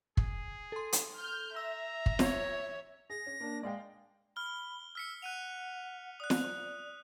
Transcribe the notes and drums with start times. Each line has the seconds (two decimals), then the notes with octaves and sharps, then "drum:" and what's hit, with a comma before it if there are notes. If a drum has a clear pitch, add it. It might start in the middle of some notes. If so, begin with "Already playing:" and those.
0.17 G#4, drum: kick
0.72 A4 C6
0.93 drum: hi-hat
1.17 F6 G6
1.56 E5 A#5 E6
2.06 drum: kick
2.19 C#5, drum: snare
3.10 G#4 A#6
3.26 C#4
3.40 A#3 D4
3.63 G#3 D5 F5 G5
4.36 B5 F6 G7
4.95 E6 F6 B6 C#7
5.22 F#5 F#6 D#7 F7
6.20 D5 D#6 F#6
6.30 drum: snare